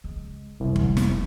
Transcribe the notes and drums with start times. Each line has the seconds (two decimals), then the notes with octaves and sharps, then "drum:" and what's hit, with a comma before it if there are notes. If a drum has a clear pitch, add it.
0.04 C#2 G#3
0.60 F#1 C2 F2
0.76 drum: kick
0.97 F1 A3, drum: snare